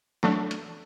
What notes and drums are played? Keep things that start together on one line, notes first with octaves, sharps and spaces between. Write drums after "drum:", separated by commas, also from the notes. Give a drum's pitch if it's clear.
F#3 A3 D4, drum: snare
drum: hi-hat